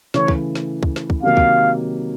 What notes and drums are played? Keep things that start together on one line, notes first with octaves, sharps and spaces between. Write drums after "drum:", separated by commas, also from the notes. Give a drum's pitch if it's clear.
C#3 E3 A3 C#5, drum: snare
drum: kick
drum: snare
drum: kick
drum: snare
drum: kick
C3 D#3 F#3 A#3 F5
drum: kick